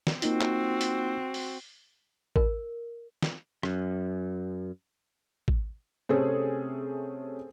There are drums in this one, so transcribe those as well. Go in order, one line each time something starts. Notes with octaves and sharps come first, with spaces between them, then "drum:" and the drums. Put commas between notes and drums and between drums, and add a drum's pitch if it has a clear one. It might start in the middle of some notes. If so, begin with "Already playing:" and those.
drum: snare
A#3 C4 D#4 F4 F#4, drum: hi-hat
drum: clap
drum: hi-hat
drum: open hi-hat
A#4, drum: kick
drum: snare
F#2, drum: rim click
drum: kick
C3 A3 C4 C#4 G#4 A4